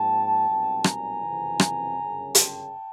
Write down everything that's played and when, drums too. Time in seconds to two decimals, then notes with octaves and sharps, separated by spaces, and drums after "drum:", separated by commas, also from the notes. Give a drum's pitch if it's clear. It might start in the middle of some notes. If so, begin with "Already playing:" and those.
Already playing: G#2 F3 A#3 G5 A5
0.47 B1 A#2 G3 C4
0.84 G#5 A#5, drum: rim click
1.22 F#1 F2 C3 E3
1.60 drum: rim click
1.97 G1 F#2 C#3
2.35 G5 A5, drum: hi-hat